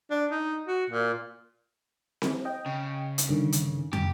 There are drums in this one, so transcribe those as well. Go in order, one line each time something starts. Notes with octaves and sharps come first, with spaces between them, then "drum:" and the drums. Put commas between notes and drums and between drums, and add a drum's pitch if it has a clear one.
D4
D#4
F#4
A#2
drum: snare C4
D#5 G5
C#3
drum: hi-hat
G2 D3 D#3
drum: hi-hat
G4, drum: tom